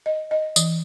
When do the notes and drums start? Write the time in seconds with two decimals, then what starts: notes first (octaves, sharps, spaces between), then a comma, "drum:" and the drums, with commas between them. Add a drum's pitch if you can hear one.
0.06 D#5
0.31 D#5
0.56 E3, drum: tambourine